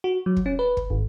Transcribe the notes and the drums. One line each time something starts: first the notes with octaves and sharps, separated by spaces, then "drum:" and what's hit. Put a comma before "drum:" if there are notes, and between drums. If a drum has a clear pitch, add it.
F#4
F#3
drum: kick
C#4
B4
drum: kick
G#1